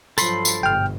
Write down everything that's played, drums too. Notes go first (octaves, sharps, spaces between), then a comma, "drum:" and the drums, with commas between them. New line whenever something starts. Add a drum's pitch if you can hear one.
G2 F3 F#3 A4 B5 C6, drum: tambourine
drum: tambourine
G1 G#2 B2 G5 F6